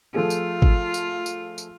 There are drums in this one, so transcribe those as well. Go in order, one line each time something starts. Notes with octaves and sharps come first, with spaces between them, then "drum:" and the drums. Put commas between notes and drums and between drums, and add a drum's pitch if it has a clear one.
F3 A3 F4 G#4
drum: tambourine
drum: kick
drum: tambourine
drum: tambourine
drum: tambourine